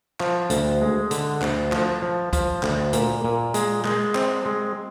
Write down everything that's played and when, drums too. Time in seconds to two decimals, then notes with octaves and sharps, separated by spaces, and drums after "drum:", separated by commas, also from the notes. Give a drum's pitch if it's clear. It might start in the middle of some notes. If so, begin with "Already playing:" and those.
0.20 F3, drum: clap
0.50 D2, drum: hi-hat
0.81 G#3
1.11 D3, drum: hi-hat
1.42 D2, drum: clap
1.72 F3, drum: clap
2.02 F3
2.33 F3, drum: kick, hi-hat
2.63 D2, drum: clap
2.93 A#2, drum: hi-hat
3.24 A#2
3.54 G#3, drum: hi-hat
3.84 G#3, drum: clap
4.15 C4, drum: clap
4.46 G#3